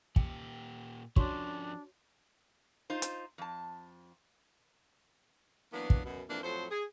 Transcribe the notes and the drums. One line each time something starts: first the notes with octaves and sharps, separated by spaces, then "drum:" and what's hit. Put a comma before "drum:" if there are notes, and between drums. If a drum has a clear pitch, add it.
A#2 G4 G5, drum: kick
F3 C#4 D4 F#4 C#5 C#6, drum: kick
D#4 F4 C5
drum: hi-hat
F2 A5
E3 F#3 A#3 B3 D4
drum: kick
F#2 B2
F2 A#2 E3 A#3 D4
F2 A2 F#3 C5
G#4